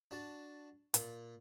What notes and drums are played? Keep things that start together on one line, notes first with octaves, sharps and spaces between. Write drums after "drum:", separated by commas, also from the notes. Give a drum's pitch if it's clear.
D4 F#4 A5
A#2, drum: hi-hat